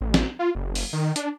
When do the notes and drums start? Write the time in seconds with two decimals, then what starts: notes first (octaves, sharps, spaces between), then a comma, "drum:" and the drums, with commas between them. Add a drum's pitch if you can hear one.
0.01 A1
0.14 drum: snare
0.39 F4
0.55 F#1
0.75 drum: open hi-hat
0.93 D#3
1.16 D4, drum: hi-hat